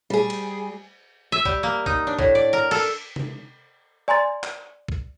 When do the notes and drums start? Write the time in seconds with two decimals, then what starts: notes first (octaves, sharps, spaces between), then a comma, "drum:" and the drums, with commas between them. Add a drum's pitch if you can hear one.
0.10 G3 G#4
0.30 drum: cymbal
1.32 E5
1.45 G3, drum: kick
1.63 A#3
1.86 D#4, drum: kick
2.07 D4
2.19 A2, drum: kick
2.35 D5
2.53 A#4
2.71 A4, drum: cymbal
3.16 drum: tom
4.08 D5 G#5 A#5 C6 A6
4.44 drum: clap
4.88 drum: kick